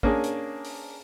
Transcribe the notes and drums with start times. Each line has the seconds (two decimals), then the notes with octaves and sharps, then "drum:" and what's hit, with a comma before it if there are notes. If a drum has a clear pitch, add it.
0.03 A#3 C#4 D4 G#4, drum: kick
0.24 drum: hi-hat
0.64 drum: open hi-hat